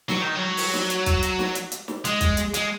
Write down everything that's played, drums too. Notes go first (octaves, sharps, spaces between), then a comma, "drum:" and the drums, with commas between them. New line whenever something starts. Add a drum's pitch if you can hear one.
F#3, drum: snare
D#3
F#3
drum: open hi-hat
drum: snare
drum: hi-hat
drum: kick, hi-hat
drum: hi-hat
drum: snare
drum: hi-hat
drum: hi-hat
drum: snare
G#3, drum: hi-hat
drum: kick, hi-hat
drum: hi-hat
G#3, drum: hi-hat